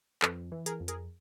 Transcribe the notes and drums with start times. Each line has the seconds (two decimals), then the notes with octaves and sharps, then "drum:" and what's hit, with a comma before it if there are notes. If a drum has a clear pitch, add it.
0.22 F2 A4 B4, drum: clap
0.52 E3
0.66 G#4 A#4, drum: hi-hat
0.80 F2
0.88 G#4 A#4, drum: hi-hat